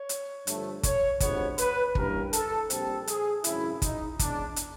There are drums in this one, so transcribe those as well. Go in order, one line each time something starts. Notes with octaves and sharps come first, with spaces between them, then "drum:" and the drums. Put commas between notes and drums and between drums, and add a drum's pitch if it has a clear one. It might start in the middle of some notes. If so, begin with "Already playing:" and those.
Already playing: C#5
drum: hi-hat
G2 D3 F3 A3, drum: hi-hat
C#5, drum: kick, hi-hat
D2 C3 F3 G#3 B3 C#5, drum: kick, hi-hat
B4, drum: hi-hat
G2 E3 G3 A#3 C#4 A#4, drum: kick
A4, drum: hi-hat
A#1 A#2 G3 C4 A4, drum: hi-hat
G#4, drum: hi-hat
G#1 F#2 C#3 F#3 E4, drum: hi-hat
D#4, drum: kick, hi-hat
E2 C#3 E3 G#3 D4, drum: kick, hi-hat
drum: hi-hat